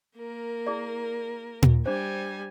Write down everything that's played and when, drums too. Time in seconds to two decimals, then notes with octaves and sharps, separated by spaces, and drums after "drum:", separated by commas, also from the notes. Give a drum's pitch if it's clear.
0.18 A#3 A#4
0.67 E4 G#4 D5
1.62 drum: tom A#2
1.86 G3 D4 C5 G#5